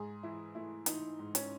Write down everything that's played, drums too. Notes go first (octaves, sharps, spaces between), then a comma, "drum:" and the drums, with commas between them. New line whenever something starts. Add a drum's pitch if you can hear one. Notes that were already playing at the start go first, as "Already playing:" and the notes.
Already playing: G#2 G#4
E3 E4
A3 E4
E3 D#4, drum: hi-hat
G#2
C#4, drum: hi-hat